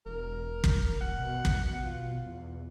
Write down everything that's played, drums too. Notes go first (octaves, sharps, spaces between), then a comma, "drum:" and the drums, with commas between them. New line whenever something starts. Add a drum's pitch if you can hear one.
E1 A#4
drum: kick
F#5
B2
drum: kick
F4
E2